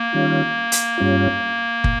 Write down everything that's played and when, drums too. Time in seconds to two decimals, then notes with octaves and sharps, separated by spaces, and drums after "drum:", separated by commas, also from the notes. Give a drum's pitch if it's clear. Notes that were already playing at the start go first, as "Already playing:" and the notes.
Already playing: A#3
0.13 D#3 G3 C#4 F4
0.72 drum: hi-hat
0.98 G2 G3 C#4 F4
1.84 A#2, drum: kick